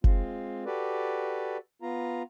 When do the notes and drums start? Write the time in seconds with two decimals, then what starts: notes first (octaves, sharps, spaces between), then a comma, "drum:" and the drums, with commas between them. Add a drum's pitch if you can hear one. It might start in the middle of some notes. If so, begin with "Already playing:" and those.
0.04 G#3 C4 F4, drum: kick F#1
0.66 F#4 G4 A4 B4 D5
1.82 B3 F4 A#5